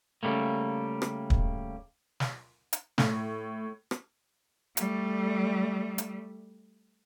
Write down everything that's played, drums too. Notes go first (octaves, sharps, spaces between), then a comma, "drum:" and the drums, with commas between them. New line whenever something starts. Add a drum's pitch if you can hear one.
C#3 G3 A3 A#3
drum: rim click
drum: kick
drum: snare
drum: hi-hat
A2, drum: snare
drum: rim click
G3 A3, drum: hi-hat
drum: hi-hat